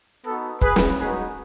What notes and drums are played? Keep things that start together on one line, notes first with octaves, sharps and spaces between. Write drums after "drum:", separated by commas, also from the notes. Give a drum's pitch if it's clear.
B3 D#4 F#4 A4
G#4 B4, drum: kick
drum: snare
G#3 D#4 F#4 G#4 B4